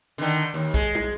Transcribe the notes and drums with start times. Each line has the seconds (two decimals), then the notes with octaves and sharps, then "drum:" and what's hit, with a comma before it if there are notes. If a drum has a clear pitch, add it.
0.18 D3 D#3
0.54 D#2
0.74 G#3, drum: kick B1
0.95 drum: tom